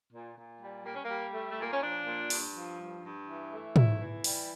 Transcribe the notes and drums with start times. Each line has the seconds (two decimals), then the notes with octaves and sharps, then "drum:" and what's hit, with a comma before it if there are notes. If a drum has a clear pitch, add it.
0.13 A#2
0.36 A#2
0.61 G3
0.85 G3 A#3
0.95 C#4
1.04 A#3
1.10 G3
1.33 A3
1.51 A3
1.58 A#2 A#3
1.72 C#4
1.82 F3 D4
2.06 A#2
2.30 G2, drum: open hi-hat
2.55 F3
2.79 G2
3.03 G2
3.27 E3
3.52 A3
3.76 E2 E4, drum: tom
4.00 E3
4.24 G3, drum: open hi-hat